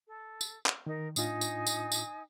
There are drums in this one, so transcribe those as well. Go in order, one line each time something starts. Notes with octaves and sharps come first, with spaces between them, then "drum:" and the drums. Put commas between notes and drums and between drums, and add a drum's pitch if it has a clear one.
A4
drum: tambourine
drum: clap
D#3 D#4 A#4
A2 D4 D#4 F4 G#5 D#6, drum: tambourine
drum: tambourine
drum: tambourine
drum: tambourine